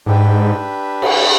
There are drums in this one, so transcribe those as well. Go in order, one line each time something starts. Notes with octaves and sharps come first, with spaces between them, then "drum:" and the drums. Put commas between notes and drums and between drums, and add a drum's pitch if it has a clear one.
G#2 D4 G4 B4 E5 G5
drum: cymbal